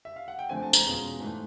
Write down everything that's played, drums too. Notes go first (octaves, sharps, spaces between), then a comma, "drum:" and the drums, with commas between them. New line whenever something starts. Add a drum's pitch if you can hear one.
E5
F5
F#5
G5
D3 F3 A3 C4 G#5
A5
A#5, drum: tambourine
E2 B2 G#3 C#4 F4
G#2 E3 A3